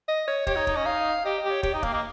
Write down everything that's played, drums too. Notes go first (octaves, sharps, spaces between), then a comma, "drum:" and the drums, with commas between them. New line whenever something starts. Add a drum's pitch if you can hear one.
D#5
C#5
G4 C#5, drum: kick
D#4
D#4, drum: kick
C#4 D#5
D#4 F5
G4 D#5
D#5
G4
C#5
G4 C#5, drum: kick
D#4 D#5
A#3 F5, drum: kick
A#3 D#5